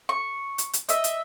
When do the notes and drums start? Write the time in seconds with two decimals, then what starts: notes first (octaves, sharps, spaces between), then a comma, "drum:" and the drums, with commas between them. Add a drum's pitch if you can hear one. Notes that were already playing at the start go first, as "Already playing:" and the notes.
0.09 C#6
0.58 drum: hi-hat
0.73 drum: hi-hat
0.89 D#5 E5, drum: hi-hat
1.04 drum: hi-hat